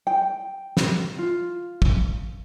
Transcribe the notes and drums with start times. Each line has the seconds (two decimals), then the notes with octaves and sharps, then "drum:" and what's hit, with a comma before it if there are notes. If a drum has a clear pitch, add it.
0.07 G5
0.77 drum: snare
1.18 F4
1.82 drum: kick